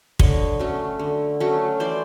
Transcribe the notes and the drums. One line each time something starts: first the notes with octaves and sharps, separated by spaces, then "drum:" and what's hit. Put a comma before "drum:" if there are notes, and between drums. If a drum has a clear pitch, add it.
D3 C#5 D#5, drum: kick
F#3 A3 C#4
D3
F#3 A3 C#4
E3 C5 D5